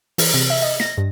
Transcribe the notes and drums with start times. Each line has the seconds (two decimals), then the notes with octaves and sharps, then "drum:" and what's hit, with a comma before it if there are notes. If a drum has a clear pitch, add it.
0.18 E3, drum: open hi-hat
0.34 C3
0.50 E5
0.62 D#5
0.80 A#6, drum: snare
0.97 G2